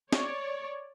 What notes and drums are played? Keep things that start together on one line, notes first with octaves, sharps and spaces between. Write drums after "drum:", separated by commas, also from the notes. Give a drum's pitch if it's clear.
C#5 D5, drum: snare